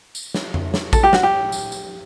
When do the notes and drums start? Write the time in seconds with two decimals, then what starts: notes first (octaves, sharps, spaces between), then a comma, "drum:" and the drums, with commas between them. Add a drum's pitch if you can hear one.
0.15 drum: tambourine
0.34 drum: snare
0.54 drum: tom F2
0.74 drum: snare
0.93 A4, drum: kick A1, tambourine
1.03 G4
1.13 F#4, drum: snare
1.23 G4
1.52 drum: tambourine
1.72 drum: tambourine